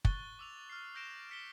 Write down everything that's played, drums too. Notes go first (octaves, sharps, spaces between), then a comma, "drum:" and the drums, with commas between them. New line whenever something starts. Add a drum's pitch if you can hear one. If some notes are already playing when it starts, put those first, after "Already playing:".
C#6 F#6 A6 G7, drum: kick
D6 E6 F7
F6 C7
E6 G6 A#6 D7 E7
F6 B6 C#7 E7 G7